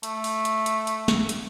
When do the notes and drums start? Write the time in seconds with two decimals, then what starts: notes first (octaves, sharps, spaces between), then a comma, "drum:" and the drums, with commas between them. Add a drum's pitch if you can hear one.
0.03 A3, drum: hi-hat
0.24 drum: open hi-hat
0.45 drum: hi-hat
0.66 drum: hi-hat
0.87 drum: hi-hat
1.08 drum: snare
1.29 drum: hi-hat